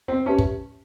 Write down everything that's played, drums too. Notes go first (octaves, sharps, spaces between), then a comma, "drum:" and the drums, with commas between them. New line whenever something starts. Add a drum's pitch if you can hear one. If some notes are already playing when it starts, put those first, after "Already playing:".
C4
C#4 G4 B4 E5 A5
drum: kick